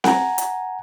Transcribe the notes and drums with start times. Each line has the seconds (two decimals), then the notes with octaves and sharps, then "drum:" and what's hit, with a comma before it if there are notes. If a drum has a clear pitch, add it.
0.04 F#5 G#5 A#5, drum: snare C4
0.38 drum: hi-hat